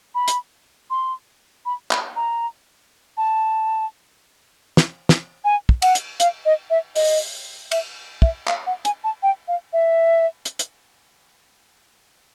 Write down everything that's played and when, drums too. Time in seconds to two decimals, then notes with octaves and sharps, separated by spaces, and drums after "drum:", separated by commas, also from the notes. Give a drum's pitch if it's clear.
0.15 B5
0.28 drum: hi-hat
0.90 C6
1.66 B5
1.91 B5, drum: clap
2.16 A#5
3.17 A5
4.77 drum: snare
5.09 drum: snare
5.45 G#5
5.69 drum: kick
5.82 F#5, drum: cymbal
5.95 drum: hi-hat
6.20 F5, drum: hi-hat
6.45 D#5
6.70 E5
6.96 D#5, drum: open hi-hat
7.71 E5, drum: cymbal
8.22 E5, drum: kick
8.48 F5, drum: clap
8.66 F#5
8.85 G#5, drum: hi-hat
9.04 A5
9.23 G5
9.48 F5
9.73 E5
10.45 drum: hi-hat
10.59 drum: hi-hat